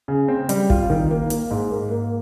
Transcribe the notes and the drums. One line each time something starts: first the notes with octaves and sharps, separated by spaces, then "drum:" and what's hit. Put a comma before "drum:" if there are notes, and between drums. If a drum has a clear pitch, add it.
C#3
C4
G3, drum: hi-hat
F4, drum: kick
D#3
A#3
A#3, drum: hi-hat
G#2
A#3
A#3